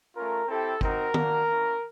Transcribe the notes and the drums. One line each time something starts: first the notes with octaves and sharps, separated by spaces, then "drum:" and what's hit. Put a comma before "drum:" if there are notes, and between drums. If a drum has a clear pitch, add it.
A3 C#4 F4 A#4
C4 E4 G4 A4
C4 D#4 F#4 A#4, drum: kick
A#3 D4 F#4, drum: tom
A#3 C#4 E4